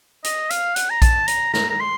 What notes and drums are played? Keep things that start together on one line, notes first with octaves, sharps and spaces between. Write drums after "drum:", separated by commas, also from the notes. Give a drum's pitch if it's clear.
D#5, drum: hi-hat
F5, drum: hi-hat
F#5, drum: hi-hat
A#5
A5, drum: kick A#1, hi-hat
A#5, drum: hi-hat
A#5, drum: snare
A#5
C6